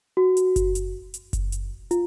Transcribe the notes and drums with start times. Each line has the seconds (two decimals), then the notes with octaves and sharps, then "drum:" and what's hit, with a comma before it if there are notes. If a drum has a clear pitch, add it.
0.17 F#4
0.37 drum: hi-hat
0.56 drum: kick F#1, hi-hat
0.75 drum: hi-hat
1.14 drum: hi-hat
1.33 drum: kick F#1, hi-hat
1.52 drum: hi-hat
1.91 F4, drum: hi-hat